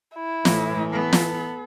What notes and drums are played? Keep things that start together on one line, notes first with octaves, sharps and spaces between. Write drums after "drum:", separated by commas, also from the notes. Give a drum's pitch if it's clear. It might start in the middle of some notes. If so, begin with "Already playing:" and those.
E4
A2 E3 A3, drum: snare
B3 A4
drum: snare